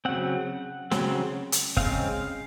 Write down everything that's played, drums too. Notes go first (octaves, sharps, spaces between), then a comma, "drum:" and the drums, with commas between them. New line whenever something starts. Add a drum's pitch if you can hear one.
C#3 F#3 C4 F#5
C#3 F#3 C4, drum: snare
drum: hi-hat
C#3 G#3 C4 F5, drum: kick